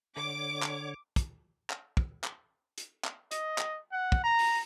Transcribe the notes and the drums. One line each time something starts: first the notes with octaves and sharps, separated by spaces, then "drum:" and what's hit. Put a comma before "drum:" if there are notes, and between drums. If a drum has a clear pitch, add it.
D3 C#5 D6
drum: clap
drum: kick, hi-hat
drum: clap
drum: kick
drum: clap
drum: hi-hat
drum: clap
D#5, drum: hi-hat
drum: clap
F#5
drum: kick
A#5
drum: open hi-hat